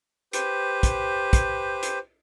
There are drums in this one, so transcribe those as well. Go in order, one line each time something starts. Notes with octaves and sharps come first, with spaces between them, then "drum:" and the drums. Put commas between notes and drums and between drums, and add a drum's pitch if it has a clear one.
G4 B4 C5, drum: hi-hat
drum: kick, hi-hat
drum: kick, hi-hat
drum: hi-hat